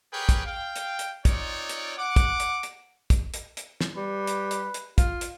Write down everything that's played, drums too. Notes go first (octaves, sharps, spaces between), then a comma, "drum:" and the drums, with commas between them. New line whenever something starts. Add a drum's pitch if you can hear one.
G4 G#4 A#4 B4 C#5 G5
drum: kick, hi-hat
F5 G5
drum: hi-hat
drum: hi-hat
C4 D#4 F4 C#5 D5, drum: kick, hi-hat
drum: hi-hat
F#5 D6
drum: kick, hi-hat
drum: hi-hat
drum: hi-hat
drum: kick, hi-hat
drum: hi-hat
drum: hi-hat
drum: snare
G3 B4
drum: hi-hat
drum: hi-hat
drum: hi-hat
F4, drum: kick, hi-hat
drum: hi-hat